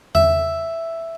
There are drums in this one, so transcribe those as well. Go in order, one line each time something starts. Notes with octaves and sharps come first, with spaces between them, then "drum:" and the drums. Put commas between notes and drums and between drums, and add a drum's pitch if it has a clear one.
E5, drum: tom E2